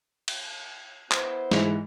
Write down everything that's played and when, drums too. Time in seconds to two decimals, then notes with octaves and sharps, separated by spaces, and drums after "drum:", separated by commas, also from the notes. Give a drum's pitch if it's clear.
0.28 drum: cymbal
1.11 B3 E4 C5, drum: clap
1.52 G#2 E3 F7, drum: snare